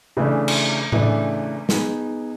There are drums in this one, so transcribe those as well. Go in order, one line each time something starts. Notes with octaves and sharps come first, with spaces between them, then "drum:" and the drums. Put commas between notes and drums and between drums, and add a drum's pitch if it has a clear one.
C#3 E3 A3 D4
drum: cymbal
C#3 E3 A3 D4, drum: tom A2
B3 D#4 G#4, drum: snare